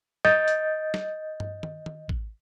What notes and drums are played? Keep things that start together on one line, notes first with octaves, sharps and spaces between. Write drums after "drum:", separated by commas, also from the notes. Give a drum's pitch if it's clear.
D#5 G6 A6, drum: snare
drum: hi-hat
drum: snare
drum: tom G2
drum: tom D#3
drum: tom D#3
drum: kick A1